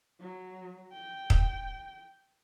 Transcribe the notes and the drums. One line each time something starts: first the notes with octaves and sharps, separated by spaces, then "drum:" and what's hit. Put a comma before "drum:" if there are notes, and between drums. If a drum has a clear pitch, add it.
F#3
G5
drum: kick